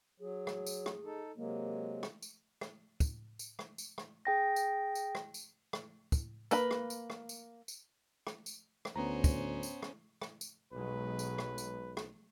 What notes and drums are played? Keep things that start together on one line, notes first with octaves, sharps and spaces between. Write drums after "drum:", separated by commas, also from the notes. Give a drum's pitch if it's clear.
F#3 G#4
drum: rim click
drum: tambourine
drum: rim click
D#4 A4
C3 F#3 G#3 A#3
drum: rim click
drum: tambourine
drum: rim click
drum: kick, tambourine
drum: tambourine
drum: rim click
drum: tambourine
drum: rim click
G#4 G5 A#6
drum: tambourine
drum: tambourine
drum: rim click
drum: tambourine
drum: rim click
drum: kick, tambourine
A#3 B4 B5, drum: tambourine
drum: rim click
drum: tambourine
drum: rim click
drum: tambourine
drum: tambourine
drum: rim click
drum: tambourine
drum: rim click
D2 B3 C#4 C5 A#5
drum: kick, tambourine
drum: tambourine
drum: rim click
drum: rim click
drum: tambourine
B1 B2 F#3 G#3 B4
drum: tambourine
drum: rim click
drum: tambourine
drum: rim click